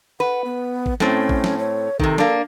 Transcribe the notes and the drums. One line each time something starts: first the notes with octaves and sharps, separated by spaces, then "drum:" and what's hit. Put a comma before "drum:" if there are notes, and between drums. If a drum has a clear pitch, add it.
B4 F#5
B3
drum: kick A1
A2 A3 C4 C#4, drum: snare
drum: kick A1
drum: snare
C#5
C3 D#3 A4, drum: kick A1
A#3 D4, drum: snare